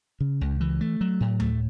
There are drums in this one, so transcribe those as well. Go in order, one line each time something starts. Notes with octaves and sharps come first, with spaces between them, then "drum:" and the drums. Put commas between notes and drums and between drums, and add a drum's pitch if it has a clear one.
C#3
C#2
E3
A3
F#3
A2
A3, drum: tom D2